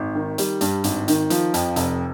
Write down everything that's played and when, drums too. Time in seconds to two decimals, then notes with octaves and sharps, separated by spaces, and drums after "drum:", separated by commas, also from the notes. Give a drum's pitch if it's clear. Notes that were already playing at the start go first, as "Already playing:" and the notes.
Already playing: G#1
0.15 D#3
0.38 G3, drum: hi-hat
0.61 G2, drum: hi-hat
0.84 G#1, drum: hi-hat
1.08 D#3, drum: hi-hat
1.30 F3, drum: hi-hat
1.54 F2, drum: hi-hat
1.76 F1, drum: hi-hat